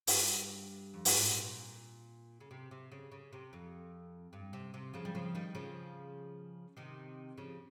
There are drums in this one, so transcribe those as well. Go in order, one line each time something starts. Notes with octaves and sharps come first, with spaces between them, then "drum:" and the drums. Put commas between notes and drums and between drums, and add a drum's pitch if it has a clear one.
G2, drum: open hi-hat
F2
G2, drum: open hi-hat
G#2
A#2
C#3
C3
C3
C#3
C#3
C3
F2
G2
C3
C3
C#3 F3
G3
C#3 F3
D#3 G3
C#3 F3
C3 D#3
C#3 F3